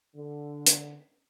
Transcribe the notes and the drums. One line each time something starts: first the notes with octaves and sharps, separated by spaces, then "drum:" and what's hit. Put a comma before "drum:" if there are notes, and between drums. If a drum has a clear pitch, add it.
D3
drum: hi-hat